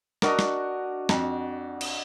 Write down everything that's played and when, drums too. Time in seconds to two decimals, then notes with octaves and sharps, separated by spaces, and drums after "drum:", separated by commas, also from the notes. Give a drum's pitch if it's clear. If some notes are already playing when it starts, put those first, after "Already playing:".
0.22 D4 F#4 A#4 D#5, drum: snare
0.39 drum: snare
1.09 F2, drum: snare
1.81 drum: cymbal